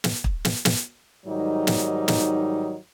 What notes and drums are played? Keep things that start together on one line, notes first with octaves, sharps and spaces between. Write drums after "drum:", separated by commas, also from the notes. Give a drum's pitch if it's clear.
drum: snare
drum: kick
drum: snare
drum: snare
G#2 D#3 F#3 G3 D#4
drum: snare
drum: snare